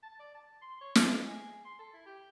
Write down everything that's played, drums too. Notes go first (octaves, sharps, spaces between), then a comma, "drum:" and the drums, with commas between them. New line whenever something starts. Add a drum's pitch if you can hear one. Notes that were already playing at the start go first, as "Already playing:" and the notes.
A5
D5
A5
C6
C#5
F4, drum: snare
D#5
G#4
C6
A4
E4
G4